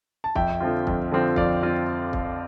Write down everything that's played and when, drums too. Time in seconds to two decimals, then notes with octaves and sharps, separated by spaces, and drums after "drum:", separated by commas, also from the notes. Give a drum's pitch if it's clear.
0.24 A5
0.35 F2 E5 G5, drum: kick
0.60 D3 F3 C4 F4
0.87 F2, drum: kick
1.12 D3 F3 C4 F4
1.36 F2 D5 F5, drum: kick
1.63 C4 F4
2.13 drum: kick